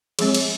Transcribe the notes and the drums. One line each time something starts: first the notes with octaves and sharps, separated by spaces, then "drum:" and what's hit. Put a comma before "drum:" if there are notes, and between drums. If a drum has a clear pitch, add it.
F3 G#3 C4 G#4, drum: cymbal
drum: cymbal